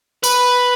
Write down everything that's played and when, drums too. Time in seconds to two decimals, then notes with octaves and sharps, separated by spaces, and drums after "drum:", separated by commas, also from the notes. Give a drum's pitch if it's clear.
0.24 B4, drum: tambourine